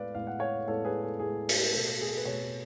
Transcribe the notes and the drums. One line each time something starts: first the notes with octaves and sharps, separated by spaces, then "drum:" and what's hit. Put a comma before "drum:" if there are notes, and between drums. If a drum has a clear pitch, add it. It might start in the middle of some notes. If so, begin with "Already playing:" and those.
Already playing: A2 G#3 B3 B4 D5 F5
A2 G#3 B3 F5
F#5
C#5 F5
A2 G#3 B3 A4 C#5
G#4 B4
A4
A2 G#3 B3 G#4
drum: open hi-hat
B2 A3 A4
G#4
A4
B4
B2 A3 A4 C#5